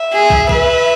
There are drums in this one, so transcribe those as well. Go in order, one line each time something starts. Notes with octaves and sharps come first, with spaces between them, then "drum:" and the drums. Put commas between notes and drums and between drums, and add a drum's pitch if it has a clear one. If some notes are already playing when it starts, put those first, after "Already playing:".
Already playing: E5
G#4
drum: kick
B4, drum: kick